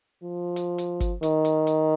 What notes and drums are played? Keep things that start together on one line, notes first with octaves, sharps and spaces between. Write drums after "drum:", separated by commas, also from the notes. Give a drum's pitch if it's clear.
F3
drum: hi-hat
drum: hi-hat
drum: kick G1, hi-hat
D#3, drum: hi-hat
drum: hi-hat
drum: hi-hat